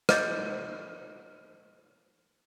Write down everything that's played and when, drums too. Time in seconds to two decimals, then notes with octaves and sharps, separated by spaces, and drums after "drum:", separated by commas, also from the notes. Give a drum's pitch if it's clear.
0.09 D#5 D6 G6 A6, drum: rim click